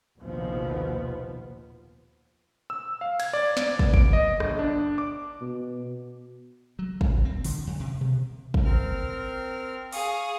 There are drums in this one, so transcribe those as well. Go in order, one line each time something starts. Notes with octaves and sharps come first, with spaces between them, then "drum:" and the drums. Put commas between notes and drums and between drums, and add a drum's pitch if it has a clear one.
F1 A#1 D#2 B2 F3 B3
E6
F5
G#6, drum: cymbal
D5
D5, drum: snare
B3, drum: kick
D7, drum: kick
D#5
G1, drum: rim click
D4
D6
B2
F#3
A2, drum: kick
C4
D3, drum: open hi-hat
F2
C3
drum: tom B2
drum: kick
C4 A#4 F6
G#4 F5 C#6 D#6, drum: open hi-hat